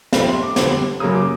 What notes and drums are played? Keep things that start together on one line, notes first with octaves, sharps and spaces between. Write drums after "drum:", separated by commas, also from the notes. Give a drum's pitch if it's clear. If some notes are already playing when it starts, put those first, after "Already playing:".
F2 C3 F3 A3 B5, drum: snare
C6
D6
F2 D3 G3 B3, drum: snare
F#2 C#3 F#3 A#3 D#6
D6